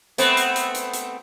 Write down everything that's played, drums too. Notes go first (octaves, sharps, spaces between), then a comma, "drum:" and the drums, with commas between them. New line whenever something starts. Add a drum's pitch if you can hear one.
A3 B3 C4, drum: hi-hat
drum: hi-hat
drum: hi-hat
drum: hi-hat
drum: hi-hat